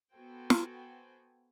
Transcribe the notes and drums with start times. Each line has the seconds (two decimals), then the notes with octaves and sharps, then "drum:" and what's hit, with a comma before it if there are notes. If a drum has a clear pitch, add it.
0.15 B3 F#4 A4 C5 G5 G#5
0.50 drum: snare